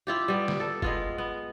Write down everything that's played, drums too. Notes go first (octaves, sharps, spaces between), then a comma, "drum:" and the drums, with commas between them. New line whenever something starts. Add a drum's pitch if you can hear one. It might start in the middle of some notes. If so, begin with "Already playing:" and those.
E4 F4 G4
G3 B3
drum: snare
A4
G#3 B3 F4, drum: kick
B3